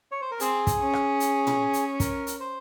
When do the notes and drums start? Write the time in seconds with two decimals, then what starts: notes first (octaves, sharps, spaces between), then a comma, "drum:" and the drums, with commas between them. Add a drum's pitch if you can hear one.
0.11 C#5
0.21 C5
0.31 A#4
0.40 C4 G#4, drum: hi-hat
0.67 drum: kick, hi-hat
0.80 C#4
0.93 drum: rim click
1.20 drum: hi-hat
1.47 drum: tom
1.73 drum: hi-hat
2.00 A#4, drum: kick, hi-hat
2.27 drum: hi-hat
2.40 C5